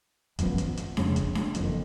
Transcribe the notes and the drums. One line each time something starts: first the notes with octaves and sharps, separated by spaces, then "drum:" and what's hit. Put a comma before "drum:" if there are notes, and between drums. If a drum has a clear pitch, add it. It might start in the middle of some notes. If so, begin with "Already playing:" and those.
G#1 F#2 F3 B3, drum: kick, hi-hat
drum: hi-hat
drum: hi-hat
F2 C#3 G#3 C#4, drum: snare D4
drum: kick, hi-hat
drum: snare D4
F#1 F2 D#3, drum: hi-hat